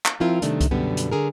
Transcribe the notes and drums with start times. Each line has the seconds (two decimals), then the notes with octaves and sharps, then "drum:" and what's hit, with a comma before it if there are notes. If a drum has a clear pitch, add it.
0.05 drum: clap
0.20 F3 C4 E4 F4 A#4
0.42 C3 D#3 G3 A3 D4, drum: hi-hat
0.61 drum: kick C2, hi-hat
0.71 F#2 B2 D3 G3 B3
0.97 drum: hi-hat
1.11 D3 G#4 A#4